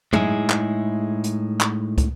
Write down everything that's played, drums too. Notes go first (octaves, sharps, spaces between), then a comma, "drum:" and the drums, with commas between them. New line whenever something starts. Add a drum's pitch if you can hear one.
A2 G#3 D#4 E4 G#4, drum: tom
drum: clap
drum: hi-hat
drum: clap
drum: kick, hi-hat